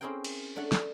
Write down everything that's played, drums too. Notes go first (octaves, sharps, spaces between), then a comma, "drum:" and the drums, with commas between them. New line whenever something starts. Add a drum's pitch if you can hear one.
C4 C#4 E4 G#4 A#4 G5
drum: cymbal
A3 D4 C#5 F#5
drum: snare